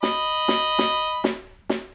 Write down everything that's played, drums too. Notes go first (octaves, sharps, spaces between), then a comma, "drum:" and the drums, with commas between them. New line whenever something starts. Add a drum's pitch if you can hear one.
D#5 B5, drum: snare
drum: snare
drum: snare
drum: snare
drum: snare